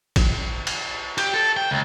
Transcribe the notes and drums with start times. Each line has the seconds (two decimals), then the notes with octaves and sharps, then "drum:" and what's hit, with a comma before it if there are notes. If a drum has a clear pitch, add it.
0.16 drum: kick, cymbal
0.67 drum: cymbal
1.18 G4, drum: cymbal
1.34 A4
1.57 G5
1.71 C#2